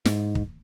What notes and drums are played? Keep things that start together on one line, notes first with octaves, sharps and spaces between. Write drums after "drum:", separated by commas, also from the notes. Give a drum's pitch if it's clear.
G#2, drum: snare
drum: kick